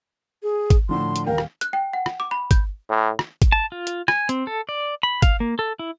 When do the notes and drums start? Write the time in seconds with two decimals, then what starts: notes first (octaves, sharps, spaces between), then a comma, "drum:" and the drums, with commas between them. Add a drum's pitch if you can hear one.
0.43 G#4
0.70 drum: kick, hi-hat
0.89 A2 D3 F3 C6
1.16 drum: hi-hat
1.27 D#1 A#4 F5 G5
1.38 drum: rim click
1.61 F#6, drum: hi-hat
1.73 G5
1.93 F#5
2.06 drum: rim click
2.20 D6
2.31 B5
2.51 G6, drum: kick, hi-hat
2.90 A2
3.19 drum: rim click
3.42 drum: kick, hi-hat
3.52 A5
3.72 F4
3.87 drum: hi-hat
4.08 G#5, drum: rim click
4.29 C4, drum: hi-hat
4.47 A4
4.69 D5
5.03 B5
5.22 F5, drum: kick, hi-hat
5.40 A#3
5.59 A4
5.79 E4